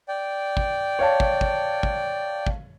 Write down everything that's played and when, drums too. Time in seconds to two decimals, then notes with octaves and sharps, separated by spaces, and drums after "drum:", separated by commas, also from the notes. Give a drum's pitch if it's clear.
0.08 D5 G5
0.57 drum: kick
0.99 C#5 F5 A5
1.20 drum: kick
1.41 drum: kick
1.83 drum: kick
2.47 drum: kick